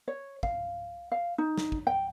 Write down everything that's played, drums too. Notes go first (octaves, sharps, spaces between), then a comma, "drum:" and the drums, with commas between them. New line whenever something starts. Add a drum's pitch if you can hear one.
C#5
F5, drum: kick
F5
D#4
drum: snare
drum: kick
G5